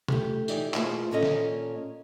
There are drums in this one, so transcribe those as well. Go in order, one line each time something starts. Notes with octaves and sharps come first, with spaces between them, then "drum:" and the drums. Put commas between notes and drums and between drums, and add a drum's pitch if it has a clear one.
A3 G4, drum: tom B2
E3 D#4 G4 D5, drum: tambourine
B2 A3 A#3 F4 G#4 C5, drum: clap
A#2 A#3 C#4 A4 D#5
drum: snare